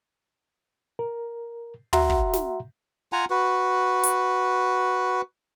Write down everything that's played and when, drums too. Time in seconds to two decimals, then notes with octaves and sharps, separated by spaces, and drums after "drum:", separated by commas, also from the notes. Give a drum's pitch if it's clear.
0.99 A#4
1.93 F#4 E5 F#5 A#5 C6, drum: tom
2.10 drum: kick
2.33 drum: snare
3.13 F4 F#5 G#5 A#5
3.30 F#4 B4
4.03 drum: hi-hat